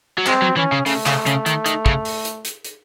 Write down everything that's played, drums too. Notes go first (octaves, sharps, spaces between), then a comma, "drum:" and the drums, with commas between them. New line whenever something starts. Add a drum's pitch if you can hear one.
F#3
G#3 C4, drum: clap
F#3
E3 C#4
C#3
C#3 A3, drum: open hi-hat
C#3, drum: clap
C#3, drum: hi-hat
D#3, drum: hi-hat
D#3, drum: hi-hat
C#3, drum: kick
drum: open hi-hat
drum: hi-hat
drum: hi-hat
drum: hi-hat